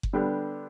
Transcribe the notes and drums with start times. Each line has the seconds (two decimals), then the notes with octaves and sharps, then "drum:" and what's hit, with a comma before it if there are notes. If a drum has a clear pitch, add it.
0.03 drum: kick F#1
0.13 D3 G3 B3 D4 G4